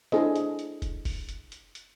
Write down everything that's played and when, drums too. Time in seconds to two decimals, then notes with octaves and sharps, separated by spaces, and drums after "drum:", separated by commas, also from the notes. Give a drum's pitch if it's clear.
0.12 D4 E4 G#4 A4 C5 D#5, drum: snare
0.36 drum: hi-hat
0.59 drum: hi-hat
0.82 drum: kick E1, hi-hat
1.05 drum: kick E1, open hi-hat
1.29 drum: hi-hat
1.52 drum: hi-hat
1.75 drum: hi-hat